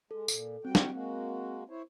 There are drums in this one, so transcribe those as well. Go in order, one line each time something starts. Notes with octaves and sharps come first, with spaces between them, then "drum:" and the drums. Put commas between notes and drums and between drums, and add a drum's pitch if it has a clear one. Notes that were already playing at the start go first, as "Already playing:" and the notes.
G#3 A4
A#2, drum: tambourine
G3 C4 F#4 G5
drum: snare
G#3 A#3 F#4
E4 C5 C#5